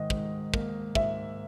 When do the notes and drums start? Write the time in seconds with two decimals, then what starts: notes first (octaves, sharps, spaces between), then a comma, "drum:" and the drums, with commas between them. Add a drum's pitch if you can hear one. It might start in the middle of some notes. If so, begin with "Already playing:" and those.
Already playing: G#2 D#3 D#5
0.10 G#2, drum: kick
0.54 A#3, drum: kick
0.95 G#2 E5, drum: kick